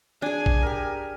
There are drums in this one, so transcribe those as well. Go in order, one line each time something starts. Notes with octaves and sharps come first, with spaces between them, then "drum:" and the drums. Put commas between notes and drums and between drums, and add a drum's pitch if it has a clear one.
D4 G#4 G#5
drum: kick
G4 A#4